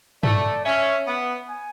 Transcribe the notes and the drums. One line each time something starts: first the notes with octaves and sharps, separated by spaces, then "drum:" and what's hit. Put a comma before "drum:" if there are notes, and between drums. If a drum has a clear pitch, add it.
A3 D5, drum: tom G2
C#4 E5
B3
G#5